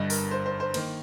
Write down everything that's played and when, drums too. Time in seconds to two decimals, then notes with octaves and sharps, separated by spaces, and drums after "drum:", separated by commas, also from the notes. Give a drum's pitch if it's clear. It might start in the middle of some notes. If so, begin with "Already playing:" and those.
Already playing: G1 G2 G3 D#5
0.10 A#4, drum: open hi-hat
0.31 C5
0.46 C5
0.60 C5
0.74 D#3 A#3 C5, drum: cymbal